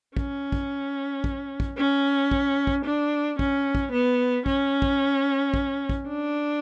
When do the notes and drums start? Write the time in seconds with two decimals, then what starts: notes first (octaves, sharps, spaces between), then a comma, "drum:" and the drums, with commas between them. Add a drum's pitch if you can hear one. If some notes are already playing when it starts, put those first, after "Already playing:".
0.17 C#4, drum: kick
0.52 drum: kick
1.24 drum: kick
1.60 drum: kick
1.78 C#4
2.31 drum: kick
2.67 drum: kick
2.85 D4
3.39 C#4, drum: kick
3.75 drum: kick
3.92 B3
4.46 C#4, drum: kick
4.82 drum: kick
5.54 drum: kick
5.89 drum: kick
6.07 D4